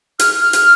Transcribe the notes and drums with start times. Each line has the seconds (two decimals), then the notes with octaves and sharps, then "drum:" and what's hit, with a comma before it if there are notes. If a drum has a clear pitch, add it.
0.19 F6, drum: hi-hat
0.41 F6
0.53 drum: hi-hat